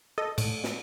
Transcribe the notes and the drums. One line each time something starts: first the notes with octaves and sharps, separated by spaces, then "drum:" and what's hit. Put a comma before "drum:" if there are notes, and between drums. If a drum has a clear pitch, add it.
A4 D#5
A2, drum: cymbal
drum: snare